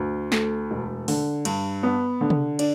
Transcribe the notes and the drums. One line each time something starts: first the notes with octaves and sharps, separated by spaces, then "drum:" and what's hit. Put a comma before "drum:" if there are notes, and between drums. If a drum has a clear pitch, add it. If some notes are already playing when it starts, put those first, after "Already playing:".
Already playing: D2
A3, drum: snare
E1
D3, drum: open hi-hat
G2, drum: cymbal
B3
D3
drum: tom C3
D4, drum: cymbal